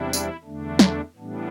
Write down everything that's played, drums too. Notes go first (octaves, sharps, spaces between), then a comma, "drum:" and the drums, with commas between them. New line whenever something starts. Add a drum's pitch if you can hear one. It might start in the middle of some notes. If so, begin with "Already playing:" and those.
Already playing: E2 C3 G3 D4 E4
drum: tambourine
E2 D3 A3 D4
drum: snare
A2 E3 G3 B3 D4